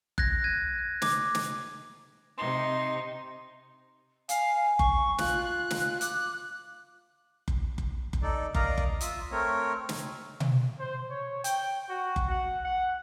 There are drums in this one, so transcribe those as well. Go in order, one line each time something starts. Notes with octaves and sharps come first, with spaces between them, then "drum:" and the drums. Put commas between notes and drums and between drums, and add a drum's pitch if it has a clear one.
F#6 G#6 A#6, drum: kick F#1
G#6 D#7
D6 G#6, drum: snare
drum: snare
C3 D#4 C6
F5 G#5, drum: hi-hat
C#6, drum: kick F#1
F4 F#6, drum: snare
drum: snare
D6, drum: hi-hat
drum: kick F#1
drum: kick F#1
drum: kick F#1
D#4 A4 D5
A#4 D5 D#5 F5 A#5, drum: kick F#1
drum: kick F#1
F4 E5 D#6, drum: hi-hat
A3 C4 A#4 C#5
drum: snare
drum: tom B2
C5
C#5
G5, drum: hi-hat
F#4
drum: kick F#1
F#5
F#5